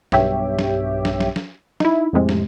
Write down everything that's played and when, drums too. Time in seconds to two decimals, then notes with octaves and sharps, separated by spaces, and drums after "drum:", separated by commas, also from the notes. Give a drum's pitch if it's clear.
0.12 B1 G2 G4 C#5 E5 G5, drum: snare
0.59 drum: snare
1.05 drum: snare
1.20 drum: snare
1.36 drum: snare
1.80 D#4 E4, drum: snare
2.13 F2 A2 C3 G#3
2.29 drum: snare